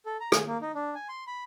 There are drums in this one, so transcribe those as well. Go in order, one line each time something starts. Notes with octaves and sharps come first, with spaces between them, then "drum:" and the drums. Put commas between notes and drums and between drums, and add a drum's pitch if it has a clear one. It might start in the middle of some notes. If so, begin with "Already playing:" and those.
A4
A#5
G#4, drum: rim click
A#3
D#4
D4
G#5
C6
B5